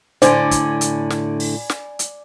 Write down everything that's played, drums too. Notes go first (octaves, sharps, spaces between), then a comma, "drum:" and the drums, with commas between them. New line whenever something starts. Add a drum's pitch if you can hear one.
A2 D3 D4 C5 D5 G#5 B5 C6, drum: hi-hat
drum: kick, hi-hat
drum: hi-hat
drum: snare
drum: open hi-hat
drum: snare
drum: hi-hat